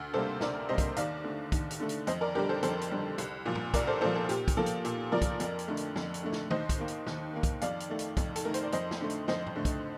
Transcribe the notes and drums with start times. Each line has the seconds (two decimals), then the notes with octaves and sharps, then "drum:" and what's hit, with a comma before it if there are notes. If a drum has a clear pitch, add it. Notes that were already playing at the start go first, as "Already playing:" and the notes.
Already playing: D2
0.14 C3 G3 A#3 A4 C5
0.41 D2 A#4 D5, drum: snare
0.69 C3 G3 A#3 C5 D#5
0.78 drum: kick, hi-hat
0.96 D#2 D5 F5, drum: hi-hat
1.24 D3 A3
1.52 D#2, drum: kick, hi-hat
1.71 drum: hi-hat
1.80 D3 A3
1.89 drum: hi-hat
2.07 F2 C5 D#5, drum: hi-hat
2.21 A#4 D5
2.35 D3 G3 G4 A#4
2.49 A4 C5
2.63 F2 A4 C5, drum: hi-hat
2.81 drum: hi-hat
2.91 D3 G3
3.18 C2, drum: hi-hat
3.46 A#2 F3
3.55 drum: tom A2
3.74 C2 A#4 D5, drum: kick, hi-hat
3.87 A4 C5
4.01 A#2 F3 A4 C5
4.15 A4
4.29 A#2 G4, drum: hi-hat
4.48 drum: kick, hi-hat
4.57 F3 A#3 A4
4.66 drum: hi-hat
4.85 A#2, drum: hi-hat
5.12 F3 A#3 A#4 D5
5.22 drum: kick, hi-hat
5.40 F2, drum: hi-hat
5.59 drum: hi-hat
5.68 D3 A3
5.77 drum: hi-hat
5.96 F2, drum: snare
6.14 drum: hi-hat
6.23 D3 A3
6.32 drum: snare
6.50 D#2 C5 D#5, drum: tom D#3
6.69 drum: kick, hi-hat
6.78 D#3 A#3
6.88 drum: hi-hat
7.07 D#2, drum: snare
7.33 D#3 A#3
7.43 drum: kick, hi-hat
7.61 F2 D5 F5, drum: hi-hat
7.80 drum: hi-hat
7.89 D#3 A3
7.99 drum: hi-hat
8.17 F2, drum: kick, hi-hat
8.36 A4, drum: hi-hat
8.45 D#3 A3 A#4
8.54 C5, drum: hi-hat
8.63 D5
8.72 F2 C5 D#5, drum: hi-hat
8.91 drum: snare
9.01 D3 A3
9.10 drum: hi-hat
9.28 F2 C5 D#5, drum: snare
9.47 drum: tom A2
9.56 D3 A3
9.65 drum: kick, hi-hat